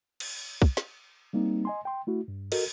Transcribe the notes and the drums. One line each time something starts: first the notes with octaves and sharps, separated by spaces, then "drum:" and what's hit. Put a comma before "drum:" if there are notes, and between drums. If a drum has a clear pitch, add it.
drum: cymbal
drum: kick
drum: snare
G3 A#3 C4 D#4
D#5 G#5 C6
G5 C6
A3 E4 F#4
G2
F#4 A4 A#4 D#5, drum: cymbal